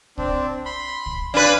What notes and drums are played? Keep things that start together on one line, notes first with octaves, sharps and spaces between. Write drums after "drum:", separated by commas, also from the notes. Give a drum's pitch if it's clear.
C4 D4, drum: kick C2
B5 C6
drum: kick C2
D4 B4 F5 G#5